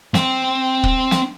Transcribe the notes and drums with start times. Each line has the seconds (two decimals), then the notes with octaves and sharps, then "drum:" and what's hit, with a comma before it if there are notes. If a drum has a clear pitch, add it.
0.14 C4, drum: snare
0.83 drum: kick
1.11 drum: snare